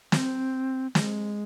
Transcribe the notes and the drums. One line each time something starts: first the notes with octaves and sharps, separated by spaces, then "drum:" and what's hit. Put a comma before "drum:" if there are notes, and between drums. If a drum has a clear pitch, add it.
C4, drum: snare
G#3, drum: snare